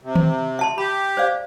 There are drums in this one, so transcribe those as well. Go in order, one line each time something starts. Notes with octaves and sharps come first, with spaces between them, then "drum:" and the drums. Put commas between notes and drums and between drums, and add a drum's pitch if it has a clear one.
C3
drum: tom D#3
E5 A5 C6
G4 B5
C5 D5 F5